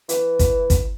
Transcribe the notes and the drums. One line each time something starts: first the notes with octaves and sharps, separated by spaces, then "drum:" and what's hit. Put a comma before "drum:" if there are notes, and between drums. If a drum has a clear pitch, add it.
E3, drum: hi-hat
drum: kick, hi-hat
drum: kick, hi-hat